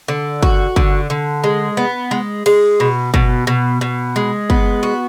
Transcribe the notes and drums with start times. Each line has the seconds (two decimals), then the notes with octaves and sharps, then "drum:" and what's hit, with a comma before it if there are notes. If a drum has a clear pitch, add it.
0.08 D3
0.42 F#4, drum: kick
0.76 D3, drum: kick
1.10 D3
1.44 G#3
1.77 B3
2.11 G#3
2.46 G#3, drum: cymbal
2.80 B2
3.14 B2, drum: kick
3.47 B2
3.81 B2
4.16 G#3
4.50 B3, drum: kick
4.83 F#4